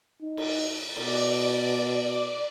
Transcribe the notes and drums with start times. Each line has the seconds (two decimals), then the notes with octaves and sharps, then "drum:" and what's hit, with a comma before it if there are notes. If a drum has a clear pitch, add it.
0.22 D#4
0.37 drum: cymbal
0.96 B2 D5, drum: cymbal